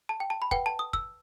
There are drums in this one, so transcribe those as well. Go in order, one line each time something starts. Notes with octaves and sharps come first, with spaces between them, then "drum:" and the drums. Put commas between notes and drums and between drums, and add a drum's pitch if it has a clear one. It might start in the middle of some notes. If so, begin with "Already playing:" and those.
A5
G5
A5
B5
B4 F#5 G5, drum: kick
A5
D#6
E6, drum: kick